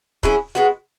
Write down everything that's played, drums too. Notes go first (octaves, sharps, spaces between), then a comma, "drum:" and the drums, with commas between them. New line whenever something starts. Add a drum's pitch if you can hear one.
F#3 C#4 E4 G#4, drum: kick
G#3 B3 F#4